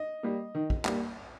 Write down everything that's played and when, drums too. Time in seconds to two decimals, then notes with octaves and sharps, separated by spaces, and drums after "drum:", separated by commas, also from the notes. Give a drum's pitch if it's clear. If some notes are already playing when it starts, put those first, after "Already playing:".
Already playing: D#5
0.23 G3 A#3
0.55 D#3
0.70 drum: kick
0.85 G3 A#3, drum: clap